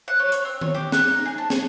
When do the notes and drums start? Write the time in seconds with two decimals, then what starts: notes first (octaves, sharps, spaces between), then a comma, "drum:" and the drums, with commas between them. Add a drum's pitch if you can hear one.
0.08 F#5
0.19 C#5
0.32 C#5, drum: hi-hat
0.45 C4
0.61 C#5, drum: tom D#3
0.74 G4
0.92 F#5, drum: snare
1.10 D#4
1.25 G#4
1.38 A5
1.50 G#4, drum: snare